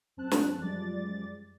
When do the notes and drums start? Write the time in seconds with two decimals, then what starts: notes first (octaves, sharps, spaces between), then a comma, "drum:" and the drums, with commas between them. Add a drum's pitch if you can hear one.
0.17 F#2 C4 A5 F#6
0.31 drum: snare
0.58 F#2 F3 G3 G#3 D5 A6